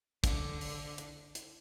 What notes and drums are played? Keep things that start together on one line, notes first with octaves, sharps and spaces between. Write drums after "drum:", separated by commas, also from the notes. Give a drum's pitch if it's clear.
D3, drum: kick, hi-hat
drum: open hi-hat
drum: hi-hat
drum: hi-hat